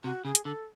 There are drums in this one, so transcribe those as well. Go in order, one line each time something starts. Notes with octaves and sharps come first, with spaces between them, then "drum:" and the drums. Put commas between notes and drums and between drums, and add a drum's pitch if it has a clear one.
C3 F#4
C#3 G#4
drum: hi-hat
D3 A4